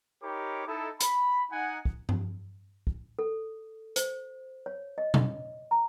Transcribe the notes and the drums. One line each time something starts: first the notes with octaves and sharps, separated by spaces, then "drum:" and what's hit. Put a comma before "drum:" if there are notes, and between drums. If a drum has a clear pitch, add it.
D#4 G4 A#4 C#5 B5 D6
D#4 E4 A4
B5, drum: hi-hat
D#4 F#5 G#5
drum: kick
drum: tom G2
drum: kick
A4
C5, drum: hi-hat
C#5
D#5
drum: tom B2
A#5